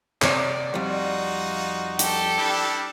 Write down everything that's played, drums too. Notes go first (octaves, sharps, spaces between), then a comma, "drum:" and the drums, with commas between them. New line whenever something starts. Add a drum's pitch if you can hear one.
C3 C#5 D5, drum: clap
F2 G3 D#4 F4 F#4
G4 A4, drum: hi-hat
G3 D4 E4